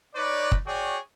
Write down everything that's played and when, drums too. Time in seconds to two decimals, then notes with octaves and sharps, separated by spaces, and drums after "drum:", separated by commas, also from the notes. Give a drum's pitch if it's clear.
0.15 D#4 B4 C#5 D5
0.52 drum: kick
0.66 F#4 G#4 C#5 D5 G5